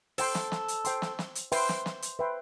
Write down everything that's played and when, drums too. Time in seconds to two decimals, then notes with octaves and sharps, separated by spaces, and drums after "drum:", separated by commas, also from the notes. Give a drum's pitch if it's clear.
0.18 A4 C5 G5 C6, drum: open hi-hat
0.35 drum: snare
0.52 drum: snare
0.68 drum: hi-hat
0.85 C5 G5 C6, drum: hi-hat
1.02 drum: snare
1.19 drum: snare
1.35 drum: hi-hat
1.52 B4 C5 E5 G5 C6, drum: open hi-hat
1.69 drum: snare
1.86 drum: snare
2.02 drum: hi-hat
2.19 B4 E5 G5 C6